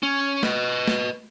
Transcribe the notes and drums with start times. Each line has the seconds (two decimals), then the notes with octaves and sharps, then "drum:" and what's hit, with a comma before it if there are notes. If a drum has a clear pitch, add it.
0.03 C#4
0.43 B4 D#5, drum: snare
0.88 drum: snare